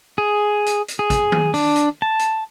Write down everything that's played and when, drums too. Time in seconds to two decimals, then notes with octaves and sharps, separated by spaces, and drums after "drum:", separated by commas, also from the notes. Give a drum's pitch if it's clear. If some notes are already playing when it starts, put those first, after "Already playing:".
0.18 G#4
0.66 drum: hi-hat
0.88 drum: hi-hat
0.99 G#4
1.10 drum: kick, hi-hat
1.32 drum: tom D#3
1.54 D4, drum: open hi-hat
1.76 drum: hi-hat
2.02 A5
2.19 drum: hi-hat